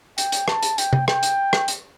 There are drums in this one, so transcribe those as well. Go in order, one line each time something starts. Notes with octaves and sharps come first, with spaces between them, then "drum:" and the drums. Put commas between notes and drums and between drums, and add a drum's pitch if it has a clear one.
G5, drum: hi-hat
drum: hi-hat
A5, drum: rim click
drum: hi-hat
G5, drum: hi-hat
drum: tom C3
G5, drum: rim click
drum: hi-hat
drum: rim click
drum: hi-hat